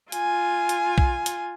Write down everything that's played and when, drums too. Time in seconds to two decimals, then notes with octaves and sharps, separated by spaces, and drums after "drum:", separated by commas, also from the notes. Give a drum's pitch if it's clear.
0.12 F4 G#5, drum: hi-hat
0.69 drum: hi-hat
0.98 drum: kick
1.26 drum: hi-hat